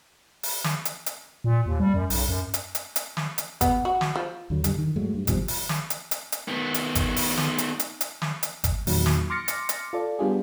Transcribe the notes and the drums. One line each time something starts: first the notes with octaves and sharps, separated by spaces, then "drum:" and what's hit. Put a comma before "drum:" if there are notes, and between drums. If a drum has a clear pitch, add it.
drum: open hi-hat
drum: snare
drum: hi-hat
drum: hi-hat
A#2
D#2
G3
F#2
B1, drum: open hi-hat
F#2
drum: hi-hat
drum: hi-hat
drum: hi-hat
drum: snare
drum: hi-hat
B3, drum: kick G1, hi-hat
F#4
drum: snare
F3
D#2 D3 F#3
C#2 F#2 D3 G3, drum: hi-hat
D#3
G2 F#3 G#3 A3
G2
B2 D#3 F3 G3, drum: kick G1, hi-hat
drum: open hi-hat
drum: snare
drum: hi-hat
drum: hi-hat
drum: hi-hat
D#3 B3
drum: hi-hat
drum: kick G1, hi-hat
drum: open hi-hat
drum: snare
drum: hi-hat
drum: hi-hat
drum: hi-hat
drum: snare
drum: hi-hat
drum: kick G1, hi-hat
E2 A#2 D#3 F#3, drum: open hi-hat
drum: snare
C6 D6 F6 A6 A#6 C#7
drum: hi-hat
drum: hi-hat
F4 A4 D5
G3 B3 D4 F4 G4 G#4